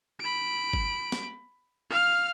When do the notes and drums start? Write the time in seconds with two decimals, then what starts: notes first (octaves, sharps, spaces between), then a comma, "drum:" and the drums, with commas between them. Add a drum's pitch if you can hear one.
0.20 B5 D7
0.73 drum: kick G1
1.12 drum: snare B3
1.90 F5 F6